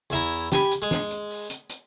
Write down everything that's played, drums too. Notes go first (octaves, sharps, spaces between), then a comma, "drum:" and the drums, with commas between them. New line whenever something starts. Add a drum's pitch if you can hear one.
E2 E4 A#5
G4 G#5 B5, drum: snare
drum: hi-hat
G#3
drum: snare
drum: hi-hat
drum: open hi-hat
drum: hi-hat
drum: hi-hat